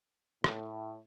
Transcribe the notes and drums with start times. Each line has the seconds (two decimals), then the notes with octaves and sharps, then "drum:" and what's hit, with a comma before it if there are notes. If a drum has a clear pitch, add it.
0.44 A2, drum: rim click